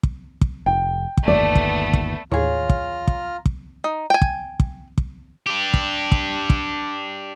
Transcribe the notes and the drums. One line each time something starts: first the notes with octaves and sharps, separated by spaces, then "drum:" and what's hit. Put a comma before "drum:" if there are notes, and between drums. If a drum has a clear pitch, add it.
drum: kick
drum: kick
F1 G5
drum: kick
G1 D#2 A3 B3 D5
drum: kick
drum: kick
D#2 A2 E3 F4 G#4 C#5 A#5 F6
drum: kick
drum: kick
drum: kick
D#4
G5 G#5
drum: kick
drum: kick
drum: kick
D4 G4
drum: kick
drum: kick
drum: kick